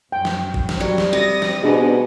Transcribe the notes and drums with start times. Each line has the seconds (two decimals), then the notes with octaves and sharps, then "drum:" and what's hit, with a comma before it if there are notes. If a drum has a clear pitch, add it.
0.12 F#2 G5
0.25 drum: snare
0.54 drum: kick G#1
0.69 drum: snare
0.80 F#3 G3
0.98 drum: snare
1.13 C3 D#6 A#6
1.42 drum: snare
1.63 G#2 B2 B3 D4 G#4 B4